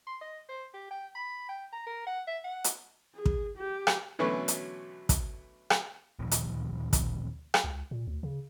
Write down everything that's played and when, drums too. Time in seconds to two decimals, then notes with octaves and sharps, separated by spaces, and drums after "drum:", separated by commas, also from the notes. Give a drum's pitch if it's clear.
0.07 C6
0.21 D#5
0.49 C5
0.74 G4
0.91 G5
1.15 B5
1.49 G5
1.73 A#5
1.87 A#4
2.07 F#5
2.27 E5
2.44 F#5
2.64 drum: hi-hat
3.14 G#4
3.26 drum: kick
3.57 G4
3.87 drum: rim click
4.19 B2 D3 E3 F#3 A3 C#4
4.48 drum: hi-hat
5.09 drum: kick, hi-hat
5.70 drum: rim click
6.19 D2 A#2 D#3 F3
6.31 drum: hi-hat
6.93 drum: kick, hi-hat
7.54 drum: rim click
7.64 C#2
7.91 A#2
8.07 D2
8.23 C#3